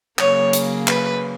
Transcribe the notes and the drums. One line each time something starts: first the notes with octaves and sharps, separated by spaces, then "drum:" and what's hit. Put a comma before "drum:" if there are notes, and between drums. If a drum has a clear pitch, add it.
C#3 F#3 A#3 C#5, drum: clap
drum: hi-hat
B4, drum: clap